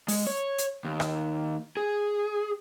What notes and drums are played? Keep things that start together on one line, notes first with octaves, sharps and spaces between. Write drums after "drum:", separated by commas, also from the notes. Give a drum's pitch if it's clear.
G#3, drum: open hi-hat
C#5
drum: hi-hat
D#2
drum: rim click
G#4